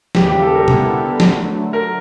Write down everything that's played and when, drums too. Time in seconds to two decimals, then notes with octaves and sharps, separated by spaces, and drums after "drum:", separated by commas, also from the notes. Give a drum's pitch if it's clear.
0.15 D#2 C#3 E3 G3 G4, drum: snare
0.28 G4
0.42 A4
0.55 A#4
0.68 D3 G3 B3 E4 A4, drum: tom B2
1.20 D3 F#3 A3, drum: snare
1.73 A#4